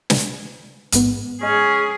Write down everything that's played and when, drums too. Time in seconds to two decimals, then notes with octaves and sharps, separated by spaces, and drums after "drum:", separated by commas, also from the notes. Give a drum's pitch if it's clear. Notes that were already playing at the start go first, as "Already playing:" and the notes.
0.10 drum: snare
0.92 A1 G#2 B3, drum: hi-hat
1.43 G#3 C#4 G#4